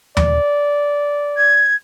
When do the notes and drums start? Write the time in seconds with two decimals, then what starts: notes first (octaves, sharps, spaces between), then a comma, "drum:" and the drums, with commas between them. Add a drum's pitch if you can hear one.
0.17 D5, drum: tom D#2
1.37 G#6